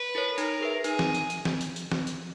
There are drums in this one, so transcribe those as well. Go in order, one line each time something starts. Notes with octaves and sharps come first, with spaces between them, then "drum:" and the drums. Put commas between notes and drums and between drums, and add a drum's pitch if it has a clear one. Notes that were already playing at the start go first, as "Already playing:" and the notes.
Already playing: B4
E4 A#4 C#5
D#4 A#4, drum: hi-hat
G#4 B4 E5
D#4 G#4, drum: hi-hat
drum: snare
drum: hi-hat
drum: hi-hat
drum: snare
drum: hi-hat
drum: hi-hat
drum: snare
drum: hi-hat